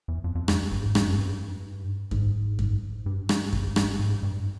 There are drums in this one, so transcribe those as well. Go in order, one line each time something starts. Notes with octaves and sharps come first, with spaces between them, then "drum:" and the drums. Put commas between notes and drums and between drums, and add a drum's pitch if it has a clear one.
E2
F2
F2
F2, drum: rim click
G2, drum: kick F#2
G#2
G#2, drum: rim click
G2
F#2
G2
G#2, drum: kick F#2
drum: kick F#2
G2
drum: rim click
drum: kick F#2
drum: rim click
G#2
G2